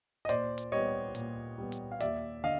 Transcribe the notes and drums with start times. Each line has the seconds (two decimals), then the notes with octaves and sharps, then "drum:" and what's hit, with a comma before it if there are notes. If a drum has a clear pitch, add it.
0.25 D#5
0.29 A#2 C5 D5, drum: hi-hat
0.58 drum: hi-hat
0.72 G3 B3 C#5 D#5
1.15 A#2, drum: hi-hat
1.58 G3 B3
1.72 drum: hi-hat
1.92 F5
2.00 D#2 D5 E5, drum: hi-hat
2.44 D3 D#5 F5